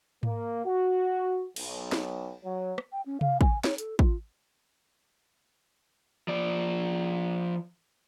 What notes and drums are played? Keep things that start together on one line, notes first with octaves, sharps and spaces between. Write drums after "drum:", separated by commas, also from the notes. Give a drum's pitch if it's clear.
A#3, drum: tom G#2
F#4
B1, drum: cymbal
drum: snare
F#3
drum: rim click
G5
C#4
F5, drum: tom C3
G#5, drum: kick
C#5, drum: snare
A4, drum: hi-hat
F4, drum: kick
F3 D5